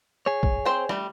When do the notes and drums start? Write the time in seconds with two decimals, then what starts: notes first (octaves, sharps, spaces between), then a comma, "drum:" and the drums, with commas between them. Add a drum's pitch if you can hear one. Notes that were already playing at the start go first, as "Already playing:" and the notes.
0.26 G#4 C#5
0.43 drum: kick A#1
0.65 C4 C5 G5
0.89 G3 A3, drum: rim click